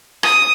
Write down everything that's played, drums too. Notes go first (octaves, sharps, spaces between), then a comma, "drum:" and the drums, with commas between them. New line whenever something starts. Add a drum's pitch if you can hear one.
D#6, drum: rim click